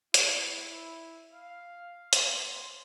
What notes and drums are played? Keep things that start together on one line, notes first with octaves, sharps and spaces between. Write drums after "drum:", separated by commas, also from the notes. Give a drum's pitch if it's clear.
E4, drum: hi-hat
F5
C6, drum: hi-hat